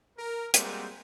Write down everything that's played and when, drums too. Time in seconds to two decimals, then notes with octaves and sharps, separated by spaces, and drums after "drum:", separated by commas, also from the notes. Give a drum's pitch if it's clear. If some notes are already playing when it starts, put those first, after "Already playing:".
0.18 A#4
0.54 G3 G#3 A#3 C4 F#4 G4, drum: hi-hat